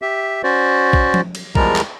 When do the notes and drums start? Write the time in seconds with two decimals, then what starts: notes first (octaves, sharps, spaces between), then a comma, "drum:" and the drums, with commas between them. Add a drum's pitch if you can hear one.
0.02 G4 E5
0.43 C#4 F#4 C5 D5
0.93 drum: kick B1
1.14 drum: tom F3
1.35 drum: cymbal
1.55 E2 F3 G3 G#3 A#4 A#5, drum: kick B1
1.76 drum: clap